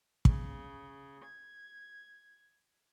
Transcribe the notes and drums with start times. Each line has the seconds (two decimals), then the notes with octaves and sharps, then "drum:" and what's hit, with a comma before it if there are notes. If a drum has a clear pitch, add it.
0.25 C#3, drum: kick
1.24 G#6